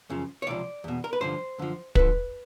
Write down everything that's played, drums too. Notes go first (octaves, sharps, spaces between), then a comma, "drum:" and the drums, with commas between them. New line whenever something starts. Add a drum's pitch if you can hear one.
F#2 C#3 F3
C#5
C#2 C3 F3 D5
E2 B2
A#4
B4
G2 D3 F3 C5
F#2 D3 F3
D2 D3 F3 B4, drum: kick